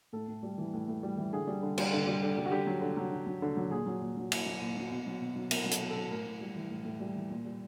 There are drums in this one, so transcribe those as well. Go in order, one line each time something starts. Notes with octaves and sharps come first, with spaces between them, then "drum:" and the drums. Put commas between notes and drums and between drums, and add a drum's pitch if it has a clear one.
A2 A4
A2
G3
E3
A2
A2
G3
E3
D3 G#4
G3
D3
G3, drum: cymbal
D3
G3
D3
G3
F#4
D3 G4
F#3
D3
F#3
D3
F#3
D3
F#3
A#2 G#4
F#3
A#2
F#3
A#2, drum: cymbal
F#3
A#2
F#3
B2
F#3
B2
F#3
B2 A#4, drum: cymbal
F#3
A4, drum: hi-hat
B2
A4
F#3
A2 A#4
A2
G3
E3
A2
A2
G3
E3
A#2
G3